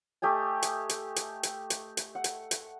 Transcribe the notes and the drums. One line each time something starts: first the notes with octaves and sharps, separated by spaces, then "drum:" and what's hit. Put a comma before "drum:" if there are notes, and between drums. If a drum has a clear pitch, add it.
A3 G4 D#5 G#5
drum: hi-hat
drum: hi-hat
drum: hi-hat
drum: hi-hat
drum: hi-hat
drum: hi-hat
F#5
drum: hi-hat
drum: hi-hat